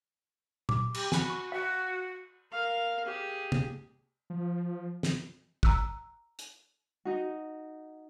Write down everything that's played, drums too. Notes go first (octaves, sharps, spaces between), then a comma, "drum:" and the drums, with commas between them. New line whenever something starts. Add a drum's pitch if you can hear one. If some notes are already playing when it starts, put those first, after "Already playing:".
D6, drum: tom A#2
G4, drum: cymbal
F#4 G#5 B5, drum: snare
C#6
F#4 F5
A#4 F5
G4 G#4
drum: tom
F3
drum: snare
A#5 E6 F#6, drum: kick
drum: hi-hat
D#4 F#4